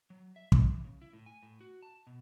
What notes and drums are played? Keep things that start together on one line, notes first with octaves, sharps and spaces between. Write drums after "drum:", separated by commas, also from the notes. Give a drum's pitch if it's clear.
F#3
E5
G#3, drum: kick
E3
C#3
E4
A2
G#5
A2
F#4
A5
B2